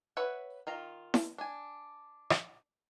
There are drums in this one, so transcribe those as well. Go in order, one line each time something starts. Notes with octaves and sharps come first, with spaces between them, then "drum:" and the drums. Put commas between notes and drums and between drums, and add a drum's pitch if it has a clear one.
B4 C#5 E5 F#5
D#3 F4 A#5
drum: snare E4
D4 G#5
drum: rim click